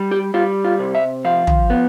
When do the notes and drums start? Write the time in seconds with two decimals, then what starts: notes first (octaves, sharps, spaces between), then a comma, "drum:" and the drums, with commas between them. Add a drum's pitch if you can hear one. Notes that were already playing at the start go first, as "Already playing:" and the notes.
Already playing: G3
0.11 G4
0.34 G3 F4
0.64 F4
0.79 C3
0.95 E5
1.25 F3 F5
1.47 drum: tom
1.70 B3